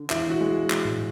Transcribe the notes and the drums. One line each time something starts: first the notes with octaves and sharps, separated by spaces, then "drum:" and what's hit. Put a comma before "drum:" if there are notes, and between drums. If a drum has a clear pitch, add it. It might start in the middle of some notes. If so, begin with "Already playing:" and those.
Already playing: D3
E1 E4, drum: clap
F#4
G#3
drum: clap
drum: tom A2